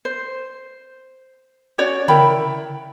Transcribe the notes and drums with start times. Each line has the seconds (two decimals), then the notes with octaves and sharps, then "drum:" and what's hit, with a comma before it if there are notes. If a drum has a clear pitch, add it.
0.05 C5
1.78 C#4 F#4 C#5 D5
2.08 E4 A#4 G5 B5, drum: tom C#3